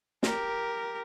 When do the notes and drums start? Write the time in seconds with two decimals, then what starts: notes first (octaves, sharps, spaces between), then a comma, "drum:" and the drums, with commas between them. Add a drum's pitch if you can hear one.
0.23 G4 A#4, drum: snare